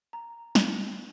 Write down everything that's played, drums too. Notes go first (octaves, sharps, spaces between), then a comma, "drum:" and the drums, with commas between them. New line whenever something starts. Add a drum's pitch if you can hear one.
A#5
drum: snare